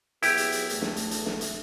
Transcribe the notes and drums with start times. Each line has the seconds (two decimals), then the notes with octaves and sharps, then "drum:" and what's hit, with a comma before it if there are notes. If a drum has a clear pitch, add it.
0.23 F#3 B3 E4 G4 G#4, drum: hi-hat
0.37 drum: hi-hat
0.52 drum: hi-hat
0.69 E2 A3, drum: hi-hat
0.82 drum: snare
0.96 drum: hi-hat
1.11 drum: hi-hat
1.26 drum: snare
1.41 drum: hi-hat